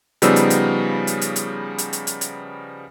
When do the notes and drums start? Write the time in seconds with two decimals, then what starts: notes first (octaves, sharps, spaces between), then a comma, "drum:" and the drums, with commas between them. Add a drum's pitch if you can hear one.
0.22 C#3 F3 G3 B3 D#4 E6, drum: hi-hat
0.36 drum: hi-hat
0.50 drum: hi-hat
1.07 drum: hi-hat
1.21 drum: hi-hat
1.36 drum: hi-hat
1.78 drum: hi-hat
1.93 drum: hi-hat
2.07 drum: hi-hat
2.21 drum: hi-hat